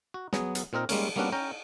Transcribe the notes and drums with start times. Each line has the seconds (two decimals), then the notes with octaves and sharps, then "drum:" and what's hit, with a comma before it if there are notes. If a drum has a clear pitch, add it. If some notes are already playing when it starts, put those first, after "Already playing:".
0.14 F#4
0.33 F#3 B3 G#4, drum: snare
0.55 drum: hi-hat
0.73 A#2 C4 D#4 A#4
0.89 G3 G#3 A#3 C#4, drum: cymbal
1.16 G3 A#3 B3 C#4 D4 F#4
1.32 C#4 G5 A#5